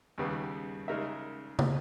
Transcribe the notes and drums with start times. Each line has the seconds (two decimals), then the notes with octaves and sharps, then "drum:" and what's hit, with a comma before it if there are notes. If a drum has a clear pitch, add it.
0.18 D#2 C#3 G3 B3
0.88 C#3 G#3 D#4 A#4 E5
1.59 B2 G#3, drum: tom